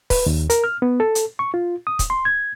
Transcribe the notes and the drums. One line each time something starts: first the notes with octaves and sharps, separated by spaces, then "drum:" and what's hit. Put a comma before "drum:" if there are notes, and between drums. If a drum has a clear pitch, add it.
B4, drum: kick, open hi-hat
D#2
A#4, drum: hi-hat
F6
B3
A4
drum: hi-hat
C#6
F4
D#6
drum: kick, hi-hat
C6
G#6